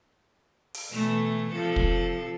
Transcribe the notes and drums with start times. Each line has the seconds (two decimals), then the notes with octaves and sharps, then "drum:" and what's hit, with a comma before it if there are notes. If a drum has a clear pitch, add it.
0.74 drum: open hi-hat
0.92 B2 E3 A3
1.51 C3 F3 A4
1.76 drum: kick